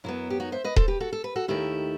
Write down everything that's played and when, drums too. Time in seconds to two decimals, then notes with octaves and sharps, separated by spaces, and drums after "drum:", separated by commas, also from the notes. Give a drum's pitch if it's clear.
0.04 F#2 F#3 B3 E4
0.30 G4
0.40 D#4 F#4
0.52 C5 E5
0.64 B4 D#5
0.76 A4 C5, drum: kick D#1
0.88 G4 B4
1.00 F#4 A4
1.13 A4
1.24 B4
1.36 F#4 A4
1.48 D#2 D#3 A3 E4 G4